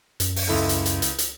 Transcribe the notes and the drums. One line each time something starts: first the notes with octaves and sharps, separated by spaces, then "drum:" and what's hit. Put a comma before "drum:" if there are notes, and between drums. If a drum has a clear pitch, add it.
F#2, drum: hi-hat
drum: open hi-hat
C#2 E4 A4
drum: hi-hat
drum: hi-hat
drum: hi-hat
drum: hi-hat